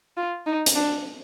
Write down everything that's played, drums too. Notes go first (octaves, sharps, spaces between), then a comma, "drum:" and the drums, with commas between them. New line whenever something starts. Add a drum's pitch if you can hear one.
F4
D#4
drum: hi-hat
D4